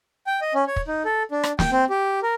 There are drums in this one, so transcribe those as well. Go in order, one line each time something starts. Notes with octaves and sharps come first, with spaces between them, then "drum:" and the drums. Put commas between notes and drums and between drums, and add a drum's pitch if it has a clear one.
G5
D#5
C#4
C#5
drum: kick
D#4
A4
D4
drum: rim click
G5, drum: snare
C4
G4
A#4